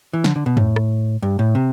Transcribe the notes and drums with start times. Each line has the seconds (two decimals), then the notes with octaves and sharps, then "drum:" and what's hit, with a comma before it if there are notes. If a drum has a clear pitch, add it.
0.13 E3
0.24 D3, drum: snare
0.36 D3
0.46 B2
0.57 A2, drum: tom
0.76 drum: rim click
1.22 G2
1.39 A2
1.55 C3